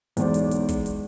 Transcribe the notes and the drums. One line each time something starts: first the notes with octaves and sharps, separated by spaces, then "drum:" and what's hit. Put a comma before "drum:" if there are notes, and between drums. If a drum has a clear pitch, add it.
B1 E2 G#3 C5 D5, drum: hi-hat
drum: hi-hat
drum: hi-hat
drum: kick, hi-hat
drum: hi-hat